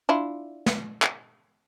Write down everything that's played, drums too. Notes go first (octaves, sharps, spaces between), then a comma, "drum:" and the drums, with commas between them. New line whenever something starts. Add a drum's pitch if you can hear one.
D4 E4 F4
drum: snare
drum: clap